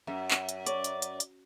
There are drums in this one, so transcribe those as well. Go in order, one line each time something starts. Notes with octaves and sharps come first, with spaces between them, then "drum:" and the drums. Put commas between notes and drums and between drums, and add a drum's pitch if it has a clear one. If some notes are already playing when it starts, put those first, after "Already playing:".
F#2 E5
drum: clap
drum: hi-hat
C#5 D5, drum: hi-hat
drum: hi-hat
drum: hi-hat
drum: hi-hat